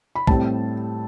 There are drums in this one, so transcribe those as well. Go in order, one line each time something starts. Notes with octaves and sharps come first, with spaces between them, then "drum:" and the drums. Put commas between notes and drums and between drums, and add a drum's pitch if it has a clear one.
B5
A2 G3 C4 A5, drum: kick